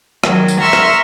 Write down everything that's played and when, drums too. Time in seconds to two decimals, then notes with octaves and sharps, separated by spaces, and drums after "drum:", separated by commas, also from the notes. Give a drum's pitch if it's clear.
0.24 D#3 F#3, drum: rim click
0.48 drum: tambourine
0.59 E5 A#5 C6 C#6 E6 F6
0.73 drum: rim click